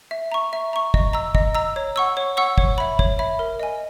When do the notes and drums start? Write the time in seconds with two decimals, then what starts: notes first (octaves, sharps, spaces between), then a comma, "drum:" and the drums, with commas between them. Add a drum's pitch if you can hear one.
0.11 E5
0.32 A#5 C#6
0.53 E5
0.73 A#5 C#6
0.94 D#5, drum: kick
1.13 A#5 E6
1.35 D#5, drum: kick
1.55 A#5 E6
1.76 C#5
1.96 F#5 C#6 E6
2.17 C#5
2.37 F#5 C#6 E6
2.58 C#5, drum: kick
2.78 E5 B5
2.99 C#5, drum: kick
3.19 E5 B5
3.39 A#4
3.60 D#5 G#5